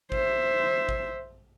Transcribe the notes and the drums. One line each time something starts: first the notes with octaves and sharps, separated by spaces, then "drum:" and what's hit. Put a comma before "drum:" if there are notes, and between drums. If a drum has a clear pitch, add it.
C5 E5, drum: kick G#1
drum: kick G#1